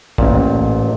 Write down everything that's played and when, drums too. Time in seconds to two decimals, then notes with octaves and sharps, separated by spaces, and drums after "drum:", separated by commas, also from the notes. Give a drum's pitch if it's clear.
0.18 A1 A#2, drum: kick